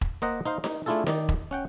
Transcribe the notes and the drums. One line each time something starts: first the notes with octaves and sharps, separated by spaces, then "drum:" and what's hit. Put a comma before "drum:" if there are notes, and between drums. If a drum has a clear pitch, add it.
drum: kick E1
A#3 C5 D#5 F#5 A#5
D#4 C5 F5
D#4, drum: snare D#4
A3 D4 E4 F4 G#4 A4
D#3 D#4 D5, drum: snare D#4
drum: kick E1
C#4 F#5 G5